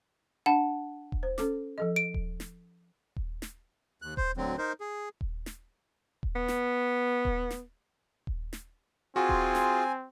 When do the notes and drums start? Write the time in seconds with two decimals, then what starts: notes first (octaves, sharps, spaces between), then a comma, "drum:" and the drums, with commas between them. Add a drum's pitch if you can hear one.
0.46 D4 F#5 A5
1.12 drum: kick D#1
1.23 C5
1.38 C#4 A4 D6, drum: snare
1.78 F3 A4 D#5
1.96 D7
2.14 drum: kick D#1
2.40 drum: snare
3.16 drum: kick D#1
3.42 drum: snare
4.02 D#2 F#6
4.17 C5, drum: kick D#1
4.37 D2 D3 F#3 C4
4.58 D#4 A#4 C5
4.81 G#4
5.21 drum: kick D#1
5.46 drum: snare
6.23 drum: kick D#1
6.36 B3
6.48 drum: snare
7.25 drum: kick D#1
7.50 drum: snare
8.27 drum: kick D#1
8.53 drum: snare
9.16 C4 F4 F#4 G#4 G#5
9.29 drum: kick D#1
9.55 drum: snare